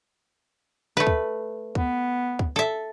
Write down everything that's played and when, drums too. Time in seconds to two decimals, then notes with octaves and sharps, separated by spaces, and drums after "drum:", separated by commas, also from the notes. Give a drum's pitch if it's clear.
0.97 A3 B4
1.07 drum: kick
1.75 B3, drum: kick
2.39 drum: kick
2.56 A4 E5